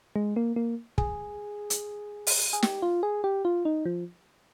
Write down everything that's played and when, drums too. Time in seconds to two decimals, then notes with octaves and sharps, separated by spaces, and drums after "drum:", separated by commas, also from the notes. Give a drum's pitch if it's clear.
0.16 G#3
0.36 A#3
0.56 A#3
0.98 G#4, drum: kick
1.70 drum: hi-hat
2.27 drum: open hi-hat
2.53 G#4
2.62 G4, drum: snare
2.82 F4
3.03 G#4
3.24 G4
3.45 F4
3.65 D#4
3.86 F3